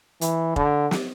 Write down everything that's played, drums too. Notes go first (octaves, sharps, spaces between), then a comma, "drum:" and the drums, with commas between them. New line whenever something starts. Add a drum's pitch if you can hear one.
E3, drum: hi-hat
D3, drum: kick F1
drum: snare